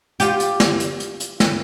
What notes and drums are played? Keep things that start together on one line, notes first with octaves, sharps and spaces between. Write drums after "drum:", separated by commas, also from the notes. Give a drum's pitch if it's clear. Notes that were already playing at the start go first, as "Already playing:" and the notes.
F4 G4, drum: hi-hat
drum: hi-hat
drum: snare
drum: hi-hat
drum: hi-hat
drum: hi-hat
drum: snare